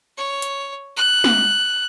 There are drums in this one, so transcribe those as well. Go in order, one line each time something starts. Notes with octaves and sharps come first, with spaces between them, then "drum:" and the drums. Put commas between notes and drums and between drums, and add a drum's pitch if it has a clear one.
C#5
drum: hi-hat
F#6
drum: snare